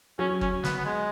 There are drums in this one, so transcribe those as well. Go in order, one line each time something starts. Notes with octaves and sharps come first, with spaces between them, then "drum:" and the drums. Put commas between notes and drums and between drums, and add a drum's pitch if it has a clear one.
F#3 C#4
C#4, drum: kick
B3, drum: snare
B3
G#3